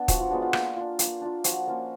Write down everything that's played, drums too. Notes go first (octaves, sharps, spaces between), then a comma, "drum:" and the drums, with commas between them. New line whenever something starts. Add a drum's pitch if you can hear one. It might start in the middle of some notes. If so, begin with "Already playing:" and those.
Already playing: B3 D4
F3 F#4, drum: kick, hi-hat
F4
G#3 B3 D4 F#4
F4
A#3, drum: rim click
D4 F4
A#3, drum: hi-hat
D4 F4
F3 F#4, drum: hi-hat
A#3 C#4 F4